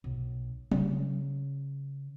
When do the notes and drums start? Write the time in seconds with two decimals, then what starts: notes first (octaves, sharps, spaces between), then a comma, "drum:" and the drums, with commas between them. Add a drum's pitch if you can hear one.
0.04 B1
0.71 C#3, drum: tom F#3